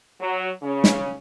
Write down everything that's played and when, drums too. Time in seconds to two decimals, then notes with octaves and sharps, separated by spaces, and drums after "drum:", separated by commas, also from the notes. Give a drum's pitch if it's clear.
0.20 F#3
0.62 C#3 C#4
0.84 drum: snare